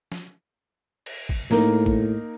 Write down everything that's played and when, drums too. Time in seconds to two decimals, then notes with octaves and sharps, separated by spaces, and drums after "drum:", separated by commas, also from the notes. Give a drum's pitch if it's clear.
0.12 drum: snare
1.06 drum: cymbal
1.29 drum: kick
1.51 A2 A#3 D#4 A#4, drum: snare
1.86 drum: kick